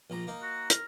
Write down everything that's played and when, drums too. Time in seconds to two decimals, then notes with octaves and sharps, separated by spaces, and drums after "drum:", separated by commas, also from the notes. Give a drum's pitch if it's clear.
0.10 A#1 A#2 A#5
0.27 A#3 D#4
0.42 F#4
0.70 A#4, drum: hi-hat